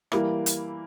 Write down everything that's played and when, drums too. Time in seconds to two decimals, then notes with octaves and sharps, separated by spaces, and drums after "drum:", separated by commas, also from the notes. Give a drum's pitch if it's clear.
0.12 E3 G3 A#3 E4, drum: rim click
0.46 drum: hi-hat